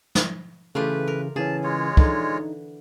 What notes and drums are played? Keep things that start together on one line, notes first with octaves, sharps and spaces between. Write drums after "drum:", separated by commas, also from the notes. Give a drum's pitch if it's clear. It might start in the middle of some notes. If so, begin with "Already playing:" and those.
drum: snare
C#3 E3 A3 F4 G4 B4
A#4
C#3 E3 C#4 G#4 A5
G#3 F4 C#5
D3 E3 D#4, drum: kick